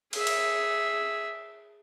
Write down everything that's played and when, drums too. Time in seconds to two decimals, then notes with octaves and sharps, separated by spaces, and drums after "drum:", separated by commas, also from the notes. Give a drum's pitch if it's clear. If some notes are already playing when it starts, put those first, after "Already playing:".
0.13 G#4 E5, drum: cymbal
0.27 drum: cymbal